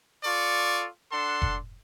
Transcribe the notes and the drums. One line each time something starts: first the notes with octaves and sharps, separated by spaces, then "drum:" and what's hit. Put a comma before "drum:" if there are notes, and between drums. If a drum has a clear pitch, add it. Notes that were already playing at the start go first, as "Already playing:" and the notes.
F4 A4 D5 C#6
D4 A4 F#5 A5 C6
drum: kick F1